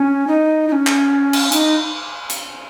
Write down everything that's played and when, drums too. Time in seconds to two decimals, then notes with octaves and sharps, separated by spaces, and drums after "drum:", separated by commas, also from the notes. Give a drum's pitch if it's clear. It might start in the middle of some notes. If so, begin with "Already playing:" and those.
Already playing: C#4
0.27 D#4
0.68 D#4
0.72 C#4
0.87 drum: clap
1.33 drum: cymbal
1.52 D#4, drum: hi-hat
2.30 drum: hi-hat